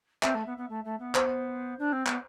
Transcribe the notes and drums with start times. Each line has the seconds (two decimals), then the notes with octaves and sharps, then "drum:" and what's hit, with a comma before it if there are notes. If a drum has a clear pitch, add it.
0.23 C4 E5, drum: clap
0.35 A3
0.46 B3
0.58 B3
0.69 A3
0.85 A3
1.00 B3
1.15 C5, drum: clap
1.79 D4
1.93 C4
2.06 B3, drum: clap